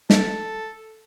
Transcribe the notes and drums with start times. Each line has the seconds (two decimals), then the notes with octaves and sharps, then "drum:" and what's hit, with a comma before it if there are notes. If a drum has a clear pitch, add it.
0.10 A4, drum: snare